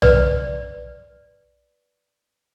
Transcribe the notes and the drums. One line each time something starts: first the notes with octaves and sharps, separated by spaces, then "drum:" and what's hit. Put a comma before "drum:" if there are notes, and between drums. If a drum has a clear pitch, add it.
B4 D5, drum: tom B1